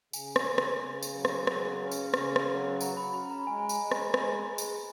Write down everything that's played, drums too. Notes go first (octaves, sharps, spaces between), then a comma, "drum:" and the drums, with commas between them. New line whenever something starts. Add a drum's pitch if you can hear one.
C#3 G#5, drum: tambourine
drum: rim click
C#3
drum: rim click
C#3
drum: tambourine
F#3
drum: rim click
C#3, drum: rim click
C#4
drum: tambourine
C#3, drum: rim click
drum: rim click
F#3
F#4 A#5, drum: tambourine
B5
C#4 B5
A#5
G#3 G#5
drum: tambourine
G#3
drum: rim click
G#3, drum: rim click
G#3
drum: tambourine